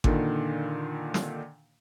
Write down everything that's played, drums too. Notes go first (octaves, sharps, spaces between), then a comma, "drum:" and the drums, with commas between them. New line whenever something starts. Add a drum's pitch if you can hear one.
A#2 D3 D#3, drum: kick G#1
drum: snare